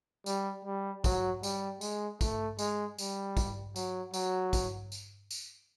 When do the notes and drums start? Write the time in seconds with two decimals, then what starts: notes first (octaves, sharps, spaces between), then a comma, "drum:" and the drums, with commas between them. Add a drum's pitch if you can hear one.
0.26 G3, drum: tambourine
0.65 G3
1.04 F#3, drum: kick, tambourine
1.43 G3, drum: tambourine
1.81 G#3, drum: tambourine
2.21 A3, drum: kick, tambourine
2.59 G#3, drum: tambourine
2.98 G3, drum: tambourine
3.37 drum: kick, tambourine
3.76 F#3, drum: tambourine
4.14 F#3, drum: tambourine
4.53 drum: kick, tambourine
4.92 drum: tambourine
5.31 drum: tambourine